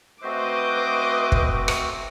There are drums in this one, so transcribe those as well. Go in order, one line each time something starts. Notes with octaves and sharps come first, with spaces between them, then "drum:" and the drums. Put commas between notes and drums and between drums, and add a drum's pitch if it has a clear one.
A3 C4 F#4 B4 C5 D#5 D6
drum: kick
drum: rim click